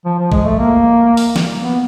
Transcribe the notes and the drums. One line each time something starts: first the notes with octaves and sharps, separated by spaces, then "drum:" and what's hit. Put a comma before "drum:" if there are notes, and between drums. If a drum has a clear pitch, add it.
F3
F3
G#3, drum: kick
A3
A#3
drum: open hi-hat
drum: snare
B3